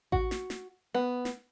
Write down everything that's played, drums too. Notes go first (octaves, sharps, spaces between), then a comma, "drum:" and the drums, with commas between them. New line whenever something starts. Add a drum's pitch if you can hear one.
F#4, drum: kick A1
drum: snare
drum: snare
B3
drum: snare